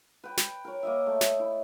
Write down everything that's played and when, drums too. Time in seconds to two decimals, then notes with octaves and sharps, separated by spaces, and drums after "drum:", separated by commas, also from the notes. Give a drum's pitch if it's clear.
0.24 B4 G5
0.37 drum: snare
0.65 A#4 C#5
0.83 A#3 D#5 E5
1.06 A3
1.21 drum: snare
1.39 E4